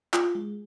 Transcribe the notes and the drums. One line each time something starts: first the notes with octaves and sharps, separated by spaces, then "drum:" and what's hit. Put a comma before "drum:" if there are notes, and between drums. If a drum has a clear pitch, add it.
F4, drum: clap
G#3